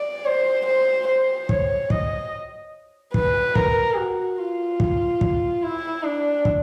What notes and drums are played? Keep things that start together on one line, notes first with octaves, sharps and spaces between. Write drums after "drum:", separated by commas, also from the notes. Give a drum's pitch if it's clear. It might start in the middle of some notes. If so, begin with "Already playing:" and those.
Already playing: D5
C5
C5
C5
C#5, drum: kick
D#5, drum: kick
B4, drum: kick
A#4, drum: kick
F#4
F4
drum: kick
drum: kick
E4
D4
drum: kick